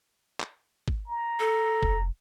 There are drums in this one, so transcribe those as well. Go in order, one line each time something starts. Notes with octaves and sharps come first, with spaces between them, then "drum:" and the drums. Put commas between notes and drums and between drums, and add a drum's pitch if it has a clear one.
drum: clap
drum: kick
A#5
A4
F1, drum: kick